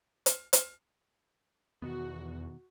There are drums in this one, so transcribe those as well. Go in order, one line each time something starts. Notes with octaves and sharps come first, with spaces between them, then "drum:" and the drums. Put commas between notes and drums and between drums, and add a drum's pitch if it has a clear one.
drum: hi-hat
drum: hi-hat
E2 B2 D#3 B3 F#4